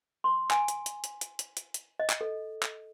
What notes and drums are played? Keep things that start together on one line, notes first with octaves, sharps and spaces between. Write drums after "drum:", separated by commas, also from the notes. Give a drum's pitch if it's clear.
C6
G#5, drum: clap
drum: hi-hat
drum: hi-hat
drum: hi-hat
drum: hi-hat
drum: hi-hat
drum: hi-hat
drum: hi-hat
D#5
drum: clap
A4
drum: clap